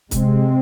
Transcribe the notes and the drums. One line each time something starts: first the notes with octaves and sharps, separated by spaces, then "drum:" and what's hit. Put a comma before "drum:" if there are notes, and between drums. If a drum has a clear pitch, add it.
C3 G#3 C4, drum: kick, hi-hat